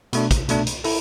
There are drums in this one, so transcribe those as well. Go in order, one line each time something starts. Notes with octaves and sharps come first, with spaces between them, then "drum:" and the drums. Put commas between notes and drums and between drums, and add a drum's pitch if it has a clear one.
B2 A3 D4, drum: hi-hat
drum: kick, hi-hat
B2 A3 D4, drum: hi-hat
drum: hi-hat
E4 A4, drum: open hi-hat